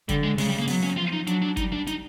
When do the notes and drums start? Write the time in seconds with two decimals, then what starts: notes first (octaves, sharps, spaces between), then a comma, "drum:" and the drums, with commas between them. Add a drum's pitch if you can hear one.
0.09 D3 G3, drum: kick, hi-hat
0.24 G#3
0.38 C#3 G#3, drum: open hi-hat
0.48 G3
0.59 A#3
0.68 F#3 B3, drum: open hi-hat
0.83 C#4
0.97 F3 F4
1.13 D#4
1.27 F#3 D4, drum: hi-hat
1.42 D4
1.57 G3 D#4, drum: kick, hi-hat
1.73 D4
1.87 D#4, drum: hi-hat